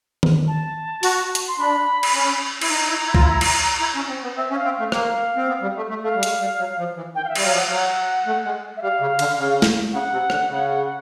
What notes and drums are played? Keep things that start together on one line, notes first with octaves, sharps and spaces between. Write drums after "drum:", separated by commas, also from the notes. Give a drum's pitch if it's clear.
drum: tom D#3
A5
F#4, drum: open hi-hat
drum: hi-hat
C6
D4 B5
drum: cymbal
C#4
E4, drum: cymbal
D#4 A#5
D#4
E4
E4
F4, drum: kick C2
E4
drum: cymbal
E4
C#4
C4
B3
C4 E5
C#4
F5
C4
A3 F5
A#3 F5, drum: rim click
C4
B3
G3
A3
A3
A3 F5
G3
G#3, drum: hi-hat
G3
F#3
F3
E3
D#3 G5
F5
E5
G3, drum: cymbal
F#3 F5
F3
F#5
F5
F#3 F#5
A3
G#3
E5
G3 F5
C#3
D3, drum: cymbal
C#3
drum: snare
C#3 F#5
C3
D3, drum: rim click
C#3